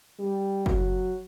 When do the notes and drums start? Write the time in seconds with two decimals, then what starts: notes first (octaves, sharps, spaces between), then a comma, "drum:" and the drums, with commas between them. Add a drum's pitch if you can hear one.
0.19 G3
0.66 F#3, drum: kick F#1